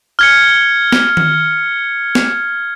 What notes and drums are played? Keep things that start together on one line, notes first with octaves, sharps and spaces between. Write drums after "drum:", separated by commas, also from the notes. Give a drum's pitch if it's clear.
F6 G#6 C#7
drum: snare
drum: tom D#3
drum: snare